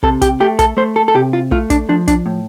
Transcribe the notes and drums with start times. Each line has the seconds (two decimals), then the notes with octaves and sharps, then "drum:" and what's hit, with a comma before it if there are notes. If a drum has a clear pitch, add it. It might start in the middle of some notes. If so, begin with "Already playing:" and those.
0.03 C3 A4, drum: kick
0.22 G4, drum: kick, hi-hat
0.40 A3 G4
0.59 A4, drum: kick, hi-hat
0.77 A3 C5
0.96 A4
1.08 A4
1.14 C3 G4
1.33 F4
1.51 A3 F4, drum: kick
1.70 D4, drum: kick, hi-hat
1.89 F3 D4
2.08 D4, drum: kick, hi-hat
2.26 A2